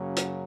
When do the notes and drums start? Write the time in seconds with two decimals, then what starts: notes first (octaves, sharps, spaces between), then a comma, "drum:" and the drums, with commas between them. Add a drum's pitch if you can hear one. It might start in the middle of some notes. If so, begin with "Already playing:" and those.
Already playing: F#2 C#3 F#3 A#3
0.16 drum: hi-hat